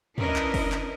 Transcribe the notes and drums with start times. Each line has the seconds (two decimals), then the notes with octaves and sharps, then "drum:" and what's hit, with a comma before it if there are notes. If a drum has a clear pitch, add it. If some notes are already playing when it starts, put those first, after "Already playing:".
0.18 C#4 D4 E4 A#4 B4 D#5, drum: tom
0.36 drum: clap
0.54 drum: kick F#1, open hi-hat
0.72 drum: clap